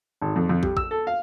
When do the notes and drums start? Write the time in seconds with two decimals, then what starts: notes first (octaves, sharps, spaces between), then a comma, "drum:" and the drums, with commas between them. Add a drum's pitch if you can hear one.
0.22 G#1
0.36 F2
0.49 F2
0.63 G3, drum: kick
0.77 E6, drum: kick
0.91 A4
1.07 F5